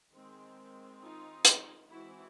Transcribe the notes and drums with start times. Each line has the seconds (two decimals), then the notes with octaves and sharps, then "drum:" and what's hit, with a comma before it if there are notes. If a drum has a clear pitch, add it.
0.12 D#3 G#3 C4
1.01 D#4 F4
1.45 drum: hi-hat
1.90 E3 G#3 C4 E4 F#4